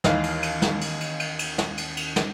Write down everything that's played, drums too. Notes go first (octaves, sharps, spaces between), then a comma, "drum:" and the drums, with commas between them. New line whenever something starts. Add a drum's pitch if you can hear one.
D#2 E3 D#4 F5, drum: snare
drum: cymbal
drum: cymbal
drum: snare
drum: cymbal
drum: cymbal
drum: cymbal
drum: cymbal
drum: snare
drum: cymbal
drum: cymbal
drum: snare